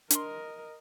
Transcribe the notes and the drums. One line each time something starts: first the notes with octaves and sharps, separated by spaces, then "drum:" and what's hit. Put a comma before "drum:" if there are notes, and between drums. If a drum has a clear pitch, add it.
D4 A#4 D#5 C6, drum: hi-hat